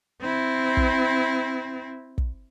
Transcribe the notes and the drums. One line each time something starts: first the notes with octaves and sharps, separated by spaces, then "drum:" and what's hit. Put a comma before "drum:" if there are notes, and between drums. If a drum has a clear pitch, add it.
C4 E4
drum: kick
drum: kick